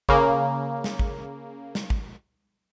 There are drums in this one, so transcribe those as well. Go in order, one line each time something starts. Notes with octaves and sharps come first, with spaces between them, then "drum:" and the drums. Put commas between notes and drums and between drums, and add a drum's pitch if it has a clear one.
C#3 A#3, drum: kick
drum: snare
drum: kick
drum: snare
drum: kick